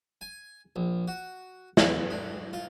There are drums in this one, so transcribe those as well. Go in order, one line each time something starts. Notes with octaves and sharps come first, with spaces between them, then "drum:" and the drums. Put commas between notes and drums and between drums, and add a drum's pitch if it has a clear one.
G#5
A#1
F#4
E2, drum: snare
D4
F4